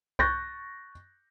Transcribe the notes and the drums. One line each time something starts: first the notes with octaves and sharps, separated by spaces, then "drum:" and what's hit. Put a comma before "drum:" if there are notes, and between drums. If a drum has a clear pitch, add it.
C#6 F#6 G6 A6 A#6, drum: kick C2